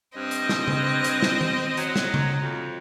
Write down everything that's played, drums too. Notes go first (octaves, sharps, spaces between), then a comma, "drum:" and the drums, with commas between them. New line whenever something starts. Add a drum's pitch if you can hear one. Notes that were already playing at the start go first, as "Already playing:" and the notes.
G2 C4 D#5
drum: hi-hat
drum: snare
drum: tom C#3
drum: hi-hat
drum: snare
drum: tom D#3
F#3, drum: hi-hat
drum: snare
drum: tom C#3
F2